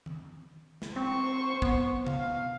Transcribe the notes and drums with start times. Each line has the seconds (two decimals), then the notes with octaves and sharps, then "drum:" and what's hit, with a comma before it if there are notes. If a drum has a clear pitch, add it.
0.06 drum: tom D#3
0.82 drum: snare
0.96 C4 C5 C#6
1.62 B3, drum: kick
2.06 F5, drum: tom B2